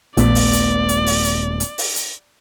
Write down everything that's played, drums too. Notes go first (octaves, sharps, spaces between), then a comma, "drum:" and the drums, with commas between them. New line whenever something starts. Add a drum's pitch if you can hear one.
D#1 A#1 A3 B3 D5, drum: hi-hat
drum: open hi-hat
drum: hi-hat
drum: hi-hat
drum: open hi-hat
drum: hi-hat
drum: hi-hat
drum: open hi-hat
drum: hi-hat